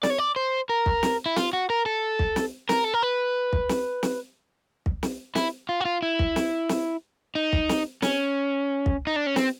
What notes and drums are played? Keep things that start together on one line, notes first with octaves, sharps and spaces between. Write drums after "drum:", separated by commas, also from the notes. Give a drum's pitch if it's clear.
D5, drum: snare
C#5
D5
C5
A#4
drum: kick
drum: snare
E4
F4, drum: snare
F#4
A#4
A4
drum: kick
drum: snare
A#4, drum: snare
A4
A#4
B4
drum: kick
drum: snare
drum: snare
drum: kick
drum: snare
E4, drum: snare
F4
F#4
F4
E4
drum: kick
drum: snare
drum: snare
D#4
drum: kick
drum: snare
C#4, drum: snare
drum: kick
D#4
D4
C#4
C4, drum: snare